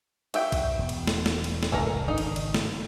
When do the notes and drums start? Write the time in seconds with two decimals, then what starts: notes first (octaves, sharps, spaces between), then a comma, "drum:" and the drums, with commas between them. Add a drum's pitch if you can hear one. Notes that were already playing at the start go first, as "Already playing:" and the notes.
0.34 F#4 E5 G5, drum: cymbal
0.52 drum: kick, cymbal
0.79 E1 B3
0.89 drum: cymbal
1.07 drum: snare
1.26 drum: snare
1.44 drum: cymbal
1.63 drum: snare
1.72 F1 C#2 A2 A4 A#4 A#5
2.08 G#1 C#3 D#4
2.18 drum: cymbal
2.36 drum: cymbal
2.54 drum: snare